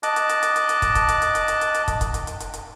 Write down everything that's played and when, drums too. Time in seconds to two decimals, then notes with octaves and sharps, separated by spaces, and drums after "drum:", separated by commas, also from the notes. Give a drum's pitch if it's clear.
0.03 D#5 A5 D6 F#6, drum: hi-hat
0.16 drum: hi-hat
0.29 drum: hi-hat
0.43 drum: hi-hat
0.56 drum: hi-hat
0.69 drum: hi-hat
0.82 drum: kick, hi-hat
0.95 drum: kick, hi-hat
1.09 drum: hi-hat
1.22 drum: hi-hat
1.35 drum: hi-hat
1.48 drum: hi-hat
1.61 drum: hi-hat
1.74 drum: hi-hat
1.88 drum: kick, hi-hat
2.01 drum: kick, hi-hat
2.14 drum: hi-hat
2.27 drum: hi-hat
2.40 drum: hi-hat
2.54 drum: hi-hat